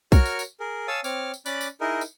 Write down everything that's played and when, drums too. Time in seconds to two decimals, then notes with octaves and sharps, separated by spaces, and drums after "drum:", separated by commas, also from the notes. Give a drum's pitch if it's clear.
0.12 F#4 A#4 C#5 C#6 F6, drum: kick, tambourine
0.25 drum: tambourine
0.39 drum: tambourine
0.60 G#4 A#4
0.88 C#5 F5 G#5 A5 D#6 E6
1.04 C4 C#5 D6 F6, drum: tambourine
1.34 drum: tambourine
1.46 C#4 D5 B5 D6 F#6, drum: tambourine
1.61 drum: tambourine
1.81 D#4 E4 G#4 A#4 D#5
2.01 drum: tambourine